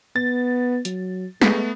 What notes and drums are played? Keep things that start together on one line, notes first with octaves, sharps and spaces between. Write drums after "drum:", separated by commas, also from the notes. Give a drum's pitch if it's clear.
B3 A6
F#3, drum: hi-hat
G#3 A3 B3, drum: snare